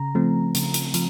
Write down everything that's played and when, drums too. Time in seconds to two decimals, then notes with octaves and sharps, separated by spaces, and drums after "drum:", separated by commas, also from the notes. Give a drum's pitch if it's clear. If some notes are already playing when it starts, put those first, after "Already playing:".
Already playing: C#3 A#5
0.15 F3 A3 C4
0.55 C#3, drum: hi-hat
0.74 drum: hi-hat
0.94 F3, drum: hi-hat